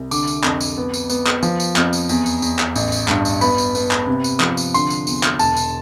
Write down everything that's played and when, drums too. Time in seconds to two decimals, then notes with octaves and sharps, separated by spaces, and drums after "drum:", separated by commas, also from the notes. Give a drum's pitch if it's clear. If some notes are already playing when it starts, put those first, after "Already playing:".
Already playing: C2
0.11 D3 D6, drum: tambourine
0.27 drum: tambourine
0.44 F2, drum: clap
0.61 drum: tambourine
0.78 B3
0.94 drum: tambourine
1.10 B3, drum: tambourine
1.27 drum: clap
1.43 F3, drum: tambourine
1.60 drum: tambourine
1.76 F2, drum: clap
1.93 drum: tambourine
2.09 E2, drum: tambourine
2.26 drum: tambourine
2.42 E2, drum: tambourine
2.59 drum: clap
2.76 A1, drum: tambourine
2.92 drum: tambourine
3.08 G2, drum: clap
3.25 drum: tambourine
3.41 B3 B5, drum: tambourine
3.58 drum: tambourine
3.75 B3, drum: tambourine
3.91 drum: clap
4.07 C3
4.24 drum: tambourine
4.40 F3, drum: clap
4.57 drum: tambourine
4.74 D3 C6, drum: tambourine
4.90 drum: tambourine
5.07 E2, drum: tambourine
5.23 drum: clap
5.39 E1 A5, drum: tambourine
5.56 drum: tambourine